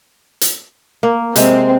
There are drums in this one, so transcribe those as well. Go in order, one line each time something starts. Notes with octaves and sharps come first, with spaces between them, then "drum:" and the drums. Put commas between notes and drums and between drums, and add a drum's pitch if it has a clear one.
drum: hi-hat
A#3
C3 G#3 C4, drum: hi-hat